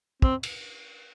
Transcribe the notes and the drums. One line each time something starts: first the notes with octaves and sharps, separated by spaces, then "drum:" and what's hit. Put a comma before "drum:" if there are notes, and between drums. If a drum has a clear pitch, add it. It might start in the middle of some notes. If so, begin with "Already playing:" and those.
C4, drum: kick
drum: cymbal